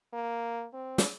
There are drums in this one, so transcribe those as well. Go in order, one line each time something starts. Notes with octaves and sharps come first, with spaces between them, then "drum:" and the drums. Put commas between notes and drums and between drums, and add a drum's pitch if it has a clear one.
A#3
C4
drum: snare